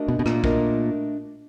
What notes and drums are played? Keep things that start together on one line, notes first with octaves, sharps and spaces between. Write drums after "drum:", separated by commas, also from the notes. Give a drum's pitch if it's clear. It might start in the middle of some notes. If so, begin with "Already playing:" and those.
Already playing: A3 D4 F#4 A#4 D#5
B2
B2
A#2, drum: rim click
A3 D4 F#4 A#4 D#5, drum: kick